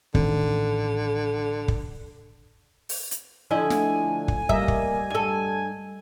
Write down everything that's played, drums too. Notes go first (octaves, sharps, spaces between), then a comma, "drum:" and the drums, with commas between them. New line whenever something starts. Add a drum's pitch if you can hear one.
A1 D3 D#3 C4, drum: kick
drum: kick
drum: open hi-hat
drum: hi-hat
D3 F3 E4 D#5 G#5
A3, drum: snare
drum: kick
G3 A#3 D#5 E5, drum: kick
drum: kick
G2 A4 G#5